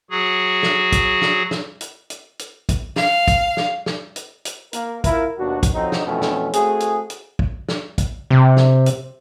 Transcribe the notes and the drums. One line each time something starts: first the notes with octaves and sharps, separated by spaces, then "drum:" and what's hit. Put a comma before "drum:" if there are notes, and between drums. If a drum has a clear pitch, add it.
F#3 F#4 G#4
drum: snare
drum: kick, hi-hat
drum: snare
drum: snare
drum: hi-hat
drum: hi-hat
drum: hi-hat
drum: kick, hi-hat
F5, drum: snare
drum: kick, hi-hat
drum: snare
drum: snare
drum: hi-hat
drum: hi-hat
A#3 A#4, drum: hi-hat
E4 F4 A#4, drum: kick, hi-hat
D#2 B2 D4 F#4
drum: kick, hi-hat
F2 F#3 C4 D#4
drum: snare
F2 B2 E3 A3 C4 C#4
drum: snare
A3 C4 F#4 G#4, drum: hi-hat
drum: hi-hat
drum: hi-hat
drum: kick
drum: snare
drum: kick, hi-hat
C3
drum: snare
drum: hi-hat